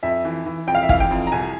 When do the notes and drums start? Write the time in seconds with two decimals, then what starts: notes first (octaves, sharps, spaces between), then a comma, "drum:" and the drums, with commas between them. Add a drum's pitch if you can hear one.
0.03 F2 E5
0.25 E3
0.46 E3
0.67 F2 G5
0.75 F5
0.83 E5
0.89 E3 F5, drum: kick
1.00 G5
1.11 F2
1.27 A#5
1.32 C2 G#5